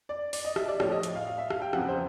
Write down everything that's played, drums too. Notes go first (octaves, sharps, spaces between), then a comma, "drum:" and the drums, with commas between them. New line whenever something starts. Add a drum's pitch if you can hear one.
D5
D5, drum: open hi-hat
D#5
E5, drum: rim click
D5
A2 F3 C#5, drum: rim click
D#5
drum: hi-hat
F5
F5
E5
F5, drum: rim click
G5
E2 C#3 F3 F#5, drum: rim click
C5